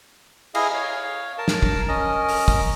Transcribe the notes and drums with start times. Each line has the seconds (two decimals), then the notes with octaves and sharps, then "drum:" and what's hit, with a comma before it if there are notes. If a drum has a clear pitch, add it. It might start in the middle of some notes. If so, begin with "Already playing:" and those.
0.55 E4 G#4 D#5 F5, drum: cymbal
0.74 C#5 F5
1.38 A#4 A5
1.48 drum: snare
1.63 drum: kick
1.88 C#4 A#4 D#5
2.29 drum: open hi-hat
2.48 drum: kick